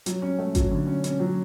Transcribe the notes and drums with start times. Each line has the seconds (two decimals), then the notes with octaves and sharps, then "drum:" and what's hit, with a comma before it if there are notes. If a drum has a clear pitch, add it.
0.06 F#3, drum: hi-hat
0.22 C#4
0.39 A3
0.55 F#3, drum: kick G#1, hi-hat
0.71 D3
0.87 C#4
1.04 C#4, drum: hi-hat
1.19 F#3